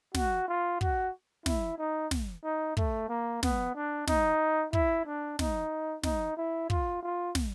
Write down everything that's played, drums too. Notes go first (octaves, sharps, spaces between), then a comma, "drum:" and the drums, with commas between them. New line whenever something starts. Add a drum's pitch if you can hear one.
F#4, drum: snare
F4
F#4, drum: kick
E4, drum: snare
D#4
drum: snare
D#4
A3, drum: kick
A#3
B3, drum: snare
D4
D#4, drum: snare
E4, drum: kick
D4
D#4, drum: snare
D#4, drum: snare
E4
F4, drum: kick
F4
drum: snare